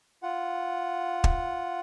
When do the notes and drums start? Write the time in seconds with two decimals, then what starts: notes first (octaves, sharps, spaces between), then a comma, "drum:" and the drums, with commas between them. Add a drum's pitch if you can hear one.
0.23 F4 F#5
1.24 drum: kick